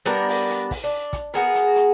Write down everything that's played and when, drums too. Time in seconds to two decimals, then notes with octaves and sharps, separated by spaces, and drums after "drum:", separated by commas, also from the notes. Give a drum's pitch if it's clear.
0.06 G3 B3 D4 A#4, drum: hi-hat
0.29 drum: open hi-hat
0.50 drum: hi-hat
0.71 drum: kick, open hi-hat
0.84 D4
1.13 drum: kick, hi-hat
1.34 B3 F#4 G#4 A#4, drum: hi-hat
1.55 drum: hi-hat
1.76 drum: hi-hat